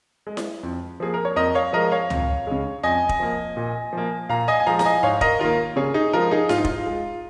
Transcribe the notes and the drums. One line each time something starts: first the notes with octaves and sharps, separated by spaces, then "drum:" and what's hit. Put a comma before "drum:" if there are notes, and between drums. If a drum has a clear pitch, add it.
G#3
drum: snare E4
F2
F3 A#3 G#4
A#4
C#5
F2 A#4 D#5
C#5 F5
F3 G#3 A#4 D#5
C#5 F5
F2, drum: tom C#2
C#3 G#3
F2 D#5 G#5
drum: kick
F3 A#3
A#2
F3 A#3
A#2 F5 A#5
D#5 G#5
G#5
F3 G#3 F5 A#5
A#5, drum: snare E4
D#5 G#5
G#2 C#5 F5
A#4 D#5, drum: kick
D#3 A#3 F4 A#4
C#3 G#4 C#5
D#4 G#4
F3 G#3 F4 A#4
D#4 G#4
G#2 F4, drum: snare E4
D#4
F4, drum: kick
G#3